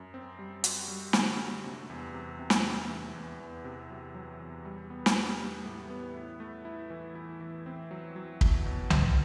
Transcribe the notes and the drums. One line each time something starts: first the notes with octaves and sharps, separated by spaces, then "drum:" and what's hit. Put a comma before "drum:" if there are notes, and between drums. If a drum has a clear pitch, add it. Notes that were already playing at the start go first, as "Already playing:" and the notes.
Already playing: F#2
C4
G3
F#4, drum: hi-hat
G3
D3, drum: snare
F#4
C3
E2
C3
C3
drum: snare
C3
E3
E2
E2
C3
F#3
F#3
E2
G3
B3
drum: snare
B3
G3
A2
B3
E4
A3
E4
E3
E4
E3
C4
F#3
F#3
B2, drum: kick
B2
F#3, drum: tom C2